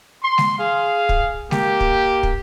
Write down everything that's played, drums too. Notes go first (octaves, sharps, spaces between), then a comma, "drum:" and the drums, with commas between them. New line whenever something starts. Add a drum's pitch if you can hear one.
C6
drum: snare G#3
G#4 F5
drum: kick
A#3 G4, drum: snare G#3
drum: kick
drum: kick